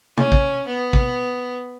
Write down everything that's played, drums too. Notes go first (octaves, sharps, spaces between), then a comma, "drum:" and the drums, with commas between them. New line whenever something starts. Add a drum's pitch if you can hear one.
C#4, drum: tom
drum: kick
B3
drum: kick